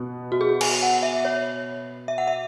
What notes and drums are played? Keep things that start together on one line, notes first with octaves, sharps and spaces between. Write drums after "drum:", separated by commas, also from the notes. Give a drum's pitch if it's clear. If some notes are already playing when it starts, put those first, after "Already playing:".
Already playing: B2 B3
F#4
G#4
G#5, drum: cymbal
F#5
E5
C#5
E5
F#5
E5